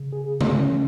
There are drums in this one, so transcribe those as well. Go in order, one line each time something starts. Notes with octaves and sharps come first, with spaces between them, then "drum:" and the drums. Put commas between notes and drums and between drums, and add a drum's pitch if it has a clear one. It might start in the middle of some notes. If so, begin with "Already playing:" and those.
Already playing: C#3
G#4
C#4, drum: tom C#3
E3